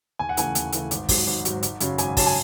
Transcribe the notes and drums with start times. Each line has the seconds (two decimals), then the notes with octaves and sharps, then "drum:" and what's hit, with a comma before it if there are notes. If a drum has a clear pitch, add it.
0.19 D#2 G#5
0.29 F#5
0.37 C#3 E3 A3 G#5, drum: hi-hat
0.55 D#2, drum: hi-hat
0.73 C#3 E3 A3, drum: hi-hat
0.91 G#1, drum: hi-hat
1.09 G#2 F#3, drum: kick, open hi-hat
1.27 G#1
1.45 G#2 F#3, drum: hi-hat
1.63 G#1, drum: hi-hat
1.81 F#2 C#3 F#3 C#4, drum: hi-hat
1.98 G#1 G#5, drum: hi-hat
2.17 C#3 F#3 C#4 A5, drum: kick, open hi-hat
2.27 G#5